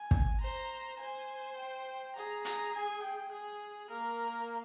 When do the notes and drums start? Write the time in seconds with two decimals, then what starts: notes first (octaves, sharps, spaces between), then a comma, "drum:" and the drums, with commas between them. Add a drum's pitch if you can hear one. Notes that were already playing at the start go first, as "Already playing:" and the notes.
Already playing: G#5
0.11 drum: kick
0.41 C5 A#5
1.00 C5 G#5
1.58 G5
2.16 G#4 A#5
2.45 A#5, drum: hi-hat
2.73 G#5
3.03 G5
3.32 G#4
3.89 A#3 A#4